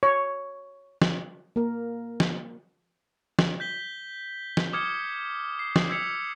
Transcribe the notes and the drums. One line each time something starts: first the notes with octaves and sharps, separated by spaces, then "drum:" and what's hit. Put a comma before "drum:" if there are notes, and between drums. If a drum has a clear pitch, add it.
C#5
drum: snare F3
A#3 A#4
drum: snare F3
drum: snare F3
G6 B6 G7
drum: snare F3
D6 D#6 F6 G#6 C#7
C7
drum: snare F3
E6 G#6 B6 C#7 F7